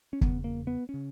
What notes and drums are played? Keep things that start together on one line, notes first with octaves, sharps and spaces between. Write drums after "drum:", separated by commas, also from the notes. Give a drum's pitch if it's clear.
C#4
E2 C#3 B3, drum: kick
A#3
B3
C#3 C#4